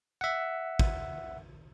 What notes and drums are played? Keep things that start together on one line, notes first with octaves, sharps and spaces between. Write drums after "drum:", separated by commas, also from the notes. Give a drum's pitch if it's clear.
E5 F#5
drum: kick